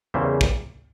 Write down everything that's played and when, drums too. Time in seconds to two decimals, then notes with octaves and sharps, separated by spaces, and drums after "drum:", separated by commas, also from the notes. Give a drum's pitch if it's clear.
0.14 E2 C#3 G3 A#3 C5 E5
0.41 drum: kick